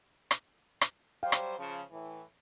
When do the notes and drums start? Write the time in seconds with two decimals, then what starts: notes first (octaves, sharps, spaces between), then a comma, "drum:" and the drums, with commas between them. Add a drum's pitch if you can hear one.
0.31 drum: rim click
0.81 drum: rim click
1.23 F#3 G3 C5 F5 G5
1.32 drum: rim click
1.57 C#3 F3
1.90 A2 E3